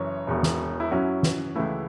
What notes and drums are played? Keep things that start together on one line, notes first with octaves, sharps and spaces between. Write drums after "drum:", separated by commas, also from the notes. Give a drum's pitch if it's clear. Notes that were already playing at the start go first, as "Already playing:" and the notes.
Already playing: F#1 F#2 E3 C#4 C#5
E1 E2 B2
drum: snare
E4
F#2 F#3 C#4 E4 F#4
drum: snare
C#2 C#3 E3 A3 E4